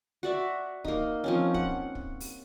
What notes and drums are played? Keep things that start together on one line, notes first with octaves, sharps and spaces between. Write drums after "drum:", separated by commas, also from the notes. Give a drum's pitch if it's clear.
F#4 D5 E5
A#3 D#4, drum: kick
F3 C4 C#4
F#5, drum: kick
drum: kick
drum: open hi-hat